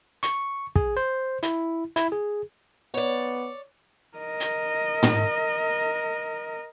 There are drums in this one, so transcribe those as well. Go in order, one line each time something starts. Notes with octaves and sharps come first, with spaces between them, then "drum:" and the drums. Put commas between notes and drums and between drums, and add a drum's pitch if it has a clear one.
C#6, drum: hi-hat
G#4, drum: kick
C5
E4, drum: hi-hat
E4, drum: hi-hat
G#4
B3 C#5 D5
A#4 D#5
drum: hi-hat
drum: tom